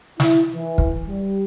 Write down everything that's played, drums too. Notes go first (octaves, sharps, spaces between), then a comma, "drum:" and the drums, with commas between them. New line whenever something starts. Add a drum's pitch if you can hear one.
E4, drum: snare
E3
drum: kick
G3